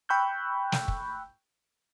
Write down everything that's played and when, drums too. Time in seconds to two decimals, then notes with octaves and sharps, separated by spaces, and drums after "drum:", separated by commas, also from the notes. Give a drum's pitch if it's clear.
0.09 G5 B5 C#6 E6 F#6 G6
0.72 drum: snare
0.88 drum: kick